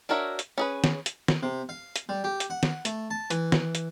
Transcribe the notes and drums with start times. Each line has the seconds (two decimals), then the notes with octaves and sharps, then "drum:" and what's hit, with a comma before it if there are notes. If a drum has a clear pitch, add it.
0.09 D4 F#4 A#4 C#5 E5
0.39 drum: hi-hat
0.58 C#4 G#4 B4
0.84 drum: snare D#3
1.06 drum: hi-hat
1.28 drum: snare D#3
1.43 C3
1.69 F5
1.96 drum: hi-hat
2.09 G3
2.24 G4
2.40 drum: hi-hat
2.50 F#5
2.63 drum: snare D#3
2.85 A3, drum: hi-hat
3.11 A5
3.30 E3, drum: hi-hat
3.52 drum: snare D#3
3.75 drum: hi-hat